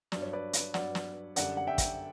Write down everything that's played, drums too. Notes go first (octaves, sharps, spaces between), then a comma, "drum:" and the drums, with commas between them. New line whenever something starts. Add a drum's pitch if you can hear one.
G2 F#3 D5, drum: snare
C#5
B4 D5
drum: hi-hat
G2 F#3 D5 F#5, drum: snare
drum: snare
F#2 D3 G3 D5 F#5, drum: hi-hat
F#5
E5 G5
drum: kick, hi-hat